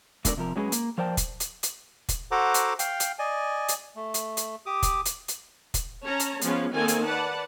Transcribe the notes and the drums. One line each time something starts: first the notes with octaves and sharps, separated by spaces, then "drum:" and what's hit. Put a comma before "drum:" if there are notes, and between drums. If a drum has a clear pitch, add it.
G#2 B2 D3 D4 A#4 D5, drum: kick, hi-hat
C3 F3 A#4
F#3 G#3 C#4 G#4 B4
A#3, drum: hi-hat
F3 A#4 C5 D5 G5 A5
drum: kick, hi-hat
drum: hi-hat
drum: hi-hat
drum: kick, hi-hat
F#4 A4 C5 F#5 A#5 D6
drum: hi-hat
F5 G5, drum: hi-hat
drum: hi-hat
D5 D#5 G#5
drum: hi-hat
A3
drum: hi-hat
drum: hi-hat
G4 D6 D#6
drum: kick, hi-hat
drum: hi-hat
drum: hi-hat
drum: kick, hi-hat
C#4 C#5 A5 A#5
drum: hi-hat
F3 G#3 B3 C#4 F4, drum: hi-hat
D#3 A#3 C4 A4 G#5
drum: hi-hat
B4 D5 F#5 A5